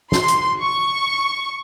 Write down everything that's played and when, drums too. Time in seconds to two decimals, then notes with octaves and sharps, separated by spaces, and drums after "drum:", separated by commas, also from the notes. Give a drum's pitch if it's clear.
0.12 C6, drum: snare
0.28 drum: hi-hat
0.61 C#6